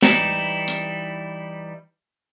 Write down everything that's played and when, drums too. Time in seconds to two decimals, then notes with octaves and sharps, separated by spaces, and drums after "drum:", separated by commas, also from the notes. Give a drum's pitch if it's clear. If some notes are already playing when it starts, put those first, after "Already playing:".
0.02 E3 G3 D#4 E4, drum: snare
0.68 drum: hi-hat